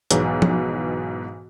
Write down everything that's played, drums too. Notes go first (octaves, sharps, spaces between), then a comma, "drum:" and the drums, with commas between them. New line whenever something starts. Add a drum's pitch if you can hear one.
B1 G#2 B2 E3, drum: hi-hat
drum: tom F3